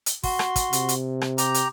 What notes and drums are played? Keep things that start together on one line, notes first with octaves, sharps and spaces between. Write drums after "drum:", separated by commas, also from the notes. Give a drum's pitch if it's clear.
drum: hi-hat
F#4 C6, drum: kick, open hi-hat
drum: rim click
drum: kick, hi-hat
C3, drum: hi-hat
drum: hi-hat
drum: rim click
G4 A#5, drum: hi-hat
drum: hi-hat